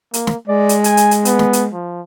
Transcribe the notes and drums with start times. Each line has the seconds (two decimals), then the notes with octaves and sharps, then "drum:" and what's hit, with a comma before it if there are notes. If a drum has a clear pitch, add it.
0.14 A#3, drum: hi-hat
0.27 drum: snare
0.48 G#3 D5
0.69 drum: hi-hat
0.84 G#5, drum: hi-hat
0.97 drum: hi-hat
1.11 drum: hi-hat
1.25 B3, drum: hi-hat
1.39 drum: snare
1.53 drum: hi-hat
1.73 F3